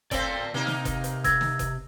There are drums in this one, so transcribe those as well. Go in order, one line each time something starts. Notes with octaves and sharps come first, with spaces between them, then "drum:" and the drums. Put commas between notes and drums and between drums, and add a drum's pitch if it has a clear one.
C4 A4 C5 D5 F5, drum: kick F#1, hi-hat
C3 A#3 D#4
drum: snare
drum: kick F#1, hi-hat
drum: hi-hat
E6 G#6 A#6, drum: kick F#1, hi-hat
drum: snare
drum: kick F#1, hi-hat